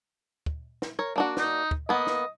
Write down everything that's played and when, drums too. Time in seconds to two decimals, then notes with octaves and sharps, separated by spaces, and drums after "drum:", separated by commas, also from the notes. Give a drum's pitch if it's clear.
0.46 drum: kick
0.82 drum: snare
0.99 A#4 C#5
1.16 A#3 D4 F#4
1.37 D#4, drum: snare
1.71 drum: kick
1.89 A#3 B3 D#5
2.07 drum: snare